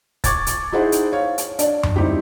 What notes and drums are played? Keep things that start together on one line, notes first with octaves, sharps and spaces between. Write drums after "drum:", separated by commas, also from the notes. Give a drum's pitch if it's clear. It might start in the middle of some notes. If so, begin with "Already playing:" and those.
C#6 D6 G#6 A6, drum: kick C#1, hi-hat
drum: hi-hat
D#4 E4 G#4 C5 F#5
drum: hi-hat
C#5 F5
drum: hi-hat
D4 D5, drum: hi-hat
drum: tom F#2
G3 C4 D#4 E4 G4